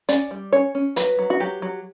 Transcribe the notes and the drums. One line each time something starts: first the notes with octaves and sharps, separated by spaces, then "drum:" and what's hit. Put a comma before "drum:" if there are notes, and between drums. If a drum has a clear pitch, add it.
C#4 D5, drum: hi-hat
G3
C#4 C#5
C#4
F#3 B4, drum: hi-hat
F#3
F#4
F#3 G4
F#3